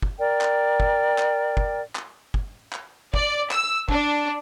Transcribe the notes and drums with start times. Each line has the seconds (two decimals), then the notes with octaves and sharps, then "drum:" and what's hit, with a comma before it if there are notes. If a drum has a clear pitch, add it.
0.02 drum: kick
0.19 A#4 D5 G5
0.41 drum: clap
0.80 drum: kick
1.18 drum: clap
1.57 drum: kick
1.96 drum: clap
2.34 drum: kick
2.73 drum: clap
3.14 D5, drum: kick
3.51 E6, drum: clap
3.89 D4, drum: kick